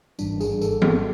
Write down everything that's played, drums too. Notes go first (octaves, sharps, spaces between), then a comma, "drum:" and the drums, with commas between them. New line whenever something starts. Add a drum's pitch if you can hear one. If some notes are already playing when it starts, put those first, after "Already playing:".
G#1 G#2 E3 G3 D4, drum: tambourine
G#4, drum: tambourine
A4, drum: tambourine
drum: tom E3